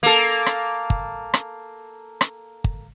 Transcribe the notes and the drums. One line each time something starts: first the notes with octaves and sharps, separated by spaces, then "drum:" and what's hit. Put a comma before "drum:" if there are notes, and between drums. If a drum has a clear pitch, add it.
A#3 A4
drum: rim click
drum: kick
drum: rim click
drum: rim click
drum: kick